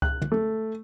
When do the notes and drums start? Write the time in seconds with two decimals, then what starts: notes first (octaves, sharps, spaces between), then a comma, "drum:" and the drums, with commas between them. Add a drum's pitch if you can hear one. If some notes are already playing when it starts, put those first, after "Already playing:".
0.02 F#6, drum: kick C#2
0.22 drum: tom
0.32 A3